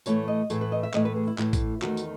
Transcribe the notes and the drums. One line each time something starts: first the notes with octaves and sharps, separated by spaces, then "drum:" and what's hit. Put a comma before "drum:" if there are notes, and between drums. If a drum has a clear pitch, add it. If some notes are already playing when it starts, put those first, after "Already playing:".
A2 E3 A3 C#5, drum: tambourine
D#5
A2 E3 A3 G#4, drum: tambourine
B4
D#5
E5
A2 E3 A3 D#5, drum: clap
B4
G#4
E4
A2 E3 A3 E4, drum: clap
drum: kick, tambourine
E2 D#3 A3 F#4, drum: clap
drum: tambourine